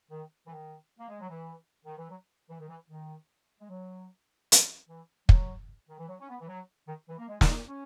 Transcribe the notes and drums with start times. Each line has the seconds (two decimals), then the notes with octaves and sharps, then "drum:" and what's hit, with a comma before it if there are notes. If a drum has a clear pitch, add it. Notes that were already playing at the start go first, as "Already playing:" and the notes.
0.11 D#3
0.47 E3
0.50 D#3
0.99 A#3
1.09 G#3
1.21 F#3
1.30 E3
1.86 D#3
1.97 E3
2.10 F#3
2.50 E3
2.61 D#3
2.69 E3
2.90 D#3
3.60 G#3
3.70 F#3
4.52 drum: hi-hat
4.89 E3
5.29 F#3, drum: kick
5.89 D#3
5.99 E3
6.09 F#3
6.20 C#4
6.29 B3
6.40 E3
6.48 F#3
6.88 D#3
7.09 E3
7.19 A#3
7.29 G#3
7.41 E4, drum: snare
7.49 D#4
7.68 C#4